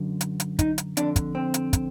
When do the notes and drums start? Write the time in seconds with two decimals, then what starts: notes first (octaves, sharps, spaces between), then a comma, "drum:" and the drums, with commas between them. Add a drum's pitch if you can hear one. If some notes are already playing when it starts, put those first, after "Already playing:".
Already playing: F#2 D3
0.21 drum: hi-hat
0.40 drum: hi-hat
0.59 D#4, drum: kick, hi-hat
0.78 drum: hi-hat
0.97 F2 D3 D4, drum: hi-hat
1.16 drum: kick, hi-hat
1.35 C4
1.54 drum: hi-hat
1.73 drum: kick, hi-hat